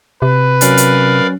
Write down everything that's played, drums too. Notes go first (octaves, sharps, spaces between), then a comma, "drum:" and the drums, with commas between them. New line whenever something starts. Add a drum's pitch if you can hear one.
C3 B4
F#3 C#4 A#4 D5 F5 F#6, drum: hi-hat
drum: hi-hat